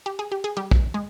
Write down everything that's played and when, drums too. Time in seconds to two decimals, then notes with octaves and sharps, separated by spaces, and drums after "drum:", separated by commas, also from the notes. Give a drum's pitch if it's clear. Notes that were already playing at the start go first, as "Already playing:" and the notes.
0.06 G4
0.19 G#4
0.32 G4
0.44 G#4
0.57 G3 G4
0.71 drum: kick
0.94 G#3